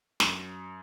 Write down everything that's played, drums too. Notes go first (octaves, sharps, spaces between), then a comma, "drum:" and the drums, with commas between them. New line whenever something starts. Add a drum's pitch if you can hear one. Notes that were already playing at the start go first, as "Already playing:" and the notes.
F#2, drum: snare